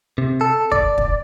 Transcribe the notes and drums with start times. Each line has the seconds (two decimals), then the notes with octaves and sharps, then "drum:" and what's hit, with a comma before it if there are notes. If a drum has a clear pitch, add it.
0.18 C3
0.41 A4
0.72 D5, drum: kick
0.98 drum: kick